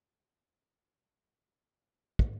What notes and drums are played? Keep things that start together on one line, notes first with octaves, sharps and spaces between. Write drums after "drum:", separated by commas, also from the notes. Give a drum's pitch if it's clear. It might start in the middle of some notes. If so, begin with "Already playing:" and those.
C#3 E3 G#3 B3 D#4
drum: kick